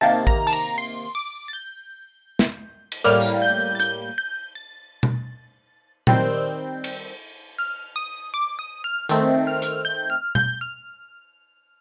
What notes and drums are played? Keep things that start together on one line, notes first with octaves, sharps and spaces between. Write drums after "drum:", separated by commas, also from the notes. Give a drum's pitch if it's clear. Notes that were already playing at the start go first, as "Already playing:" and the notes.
C3 D#3 A#3 A5
A#5, drum: kick A1
A5, drum: open hi-hat
A#5
C6
D6
A6
G6
drum: snare
drum: cymbal
A2 G3 A#3 F6
drum: tambourine
G6
A6
G6, drum: hi-hat
G6
A6
drum: tom B2
D#3 G3 C4 G6, drum: tom A#2
drum: cymbal
F6
D#6
D6
D#6
F6
D#3 A3 C4, drum: hi-hat
F6
drum: hi-hat
G6
F6
G6, drum: tom B2
F6